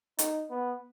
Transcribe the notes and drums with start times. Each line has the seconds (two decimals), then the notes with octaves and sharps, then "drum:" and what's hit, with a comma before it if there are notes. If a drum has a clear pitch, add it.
0.19 D#4, drum: hi-hat
0.50 B3